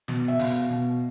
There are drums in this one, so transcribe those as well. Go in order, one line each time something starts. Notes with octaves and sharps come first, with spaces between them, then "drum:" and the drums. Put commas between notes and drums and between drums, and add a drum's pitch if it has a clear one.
B2, drum: snare
E5
B2 F5, drum: open hi-hat
B2